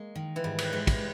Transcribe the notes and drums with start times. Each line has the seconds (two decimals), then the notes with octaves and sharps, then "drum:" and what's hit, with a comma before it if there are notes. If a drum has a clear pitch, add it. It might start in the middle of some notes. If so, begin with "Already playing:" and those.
Already playing: G#3 A#3
0.16 D#3
0.36 E3
0.44 G#2 G3
0.58 drum: cymbal
0.72 E3 G#3
0.87 drum: kick, cymbal